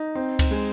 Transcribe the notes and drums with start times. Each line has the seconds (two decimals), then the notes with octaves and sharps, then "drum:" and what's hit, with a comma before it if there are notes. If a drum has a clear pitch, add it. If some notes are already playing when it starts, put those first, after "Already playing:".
Already playing: D#4
0.15 C4
0.39 drum: kick C#2, cymbal
0.51 G#3